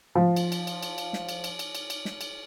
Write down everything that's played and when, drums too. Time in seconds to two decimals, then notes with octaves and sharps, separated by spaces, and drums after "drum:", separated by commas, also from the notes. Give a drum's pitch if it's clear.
0.15 F3
0.36 drum: cymbal
0.52 drum: cymbal
0.67 drum: cymbal
0.83 drum: cymbal
0.98 drum: cymbal
1.13 drum: snare
1.29 drum: cymbal
1.44 drum: cymbal
1.59 drum: cymbal
1.75 drum: cymbal
1.90 drum: cymbal
2.05 drum: snare
2.21 drum: cymbal